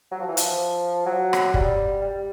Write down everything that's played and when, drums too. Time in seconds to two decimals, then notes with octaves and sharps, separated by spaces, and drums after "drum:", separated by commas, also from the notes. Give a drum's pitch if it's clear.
0.11 F#3
0.20 F3
0.28 E3
0.37 F3, drum: hi-hat
1.06 F#3
1.33 drum: rim click
1.54 G3, drum: kick
2.02 G3